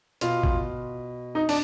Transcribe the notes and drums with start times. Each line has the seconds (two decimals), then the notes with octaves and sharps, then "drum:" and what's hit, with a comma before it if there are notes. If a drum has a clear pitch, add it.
0.21 B2 F4, drum: hi-hat
0.43 drum: kick A1
1.35 D#4
1.49 D4, drum: open hi-hat